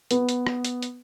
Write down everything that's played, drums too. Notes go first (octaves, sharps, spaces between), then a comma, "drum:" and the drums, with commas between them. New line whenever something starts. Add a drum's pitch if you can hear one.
B3, drum: hi-hat
drum: hi-hat
drum: rim click
drum: hi-hat
drum: hi-hat